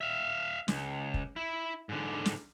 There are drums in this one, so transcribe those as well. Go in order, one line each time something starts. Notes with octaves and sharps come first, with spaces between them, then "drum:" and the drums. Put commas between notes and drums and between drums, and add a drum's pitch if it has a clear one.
E5 F5
C#2, drum: snare
drum: kick
E4
G#2 D3
drum: snare